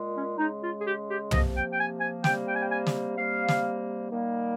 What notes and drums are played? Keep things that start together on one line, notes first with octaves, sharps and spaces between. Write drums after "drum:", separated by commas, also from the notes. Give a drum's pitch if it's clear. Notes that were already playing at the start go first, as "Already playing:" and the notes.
Already playing: A#2 G#3
C#4
C#3 G#3 D#4
F4
G#4
G4
G4
C3 F3 A#3 D#5, drum: tom
G5
G5
G#5
G#5
C3 G3 A#3 G5, drum: snare
G5
G#5
G5
G#5
drum: snare
C3 G3 A#3 F5
drum: snare
D#3 G3 A#3